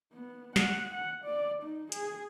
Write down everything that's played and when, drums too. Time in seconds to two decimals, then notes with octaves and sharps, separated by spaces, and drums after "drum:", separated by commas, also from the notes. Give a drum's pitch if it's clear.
0.14 B3
0.56 F#5, drum: snare
0.94 F#5
1.25 D5
1.62 D#4
1.92 G#4, drum: hi-hat